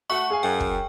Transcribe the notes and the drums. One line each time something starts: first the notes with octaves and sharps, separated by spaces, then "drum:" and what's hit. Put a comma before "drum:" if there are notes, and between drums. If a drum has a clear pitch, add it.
A3 F#4 E5 F#5 C#6
G#4 F5 G#5
F#2 G5
drum: kick